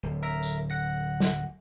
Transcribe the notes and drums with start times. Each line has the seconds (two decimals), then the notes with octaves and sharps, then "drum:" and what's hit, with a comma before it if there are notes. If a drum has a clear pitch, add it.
0.03 D1
0.23 A#4 E5 A#6
0.43 drum: tambourine
0.70 F#5 A#6
1.20 drum: snare